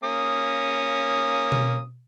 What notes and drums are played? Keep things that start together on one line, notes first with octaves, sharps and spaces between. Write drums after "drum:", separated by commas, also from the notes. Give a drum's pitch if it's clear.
A#3 C#4 D#6
drum: tom B2